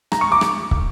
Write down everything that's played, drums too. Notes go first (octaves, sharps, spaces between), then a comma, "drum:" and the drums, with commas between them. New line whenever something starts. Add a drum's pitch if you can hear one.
A#5, drum: rim click
C#6
D6
drum: rim click
drum: kick